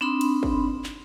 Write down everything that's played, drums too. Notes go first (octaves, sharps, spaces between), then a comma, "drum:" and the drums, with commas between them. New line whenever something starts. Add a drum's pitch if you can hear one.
C4 D4 D#4 B5 C6
drum: cymbal
drum: kick
drum: clap